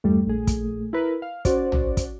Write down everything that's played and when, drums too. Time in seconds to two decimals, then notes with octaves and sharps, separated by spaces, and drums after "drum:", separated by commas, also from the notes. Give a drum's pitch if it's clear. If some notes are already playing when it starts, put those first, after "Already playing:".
0.04 E2 G2 G3 A3
0.27 A#1 G#4
0.47 drum: kick, hi-hat
0.93 E4 A#4 B4
1.22 F5
1.45 C#4 F#4 C5 D5, drum: kick, hi-hat
1.72 drum: tom A#1
1.97 drum: kick, hi-hat